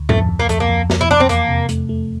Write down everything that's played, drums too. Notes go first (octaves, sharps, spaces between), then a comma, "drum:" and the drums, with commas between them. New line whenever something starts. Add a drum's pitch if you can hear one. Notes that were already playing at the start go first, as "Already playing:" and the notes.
Already playing: D2
F2 A3, drum: tom G#2
F2
A#3
F2 A3, drum: hi-hat
A#3
F2
F2, drum: snare
E4
F2 D4
C4
E2 A#3, drum: hi-hat
C3
A3, drum: hi-hat
A3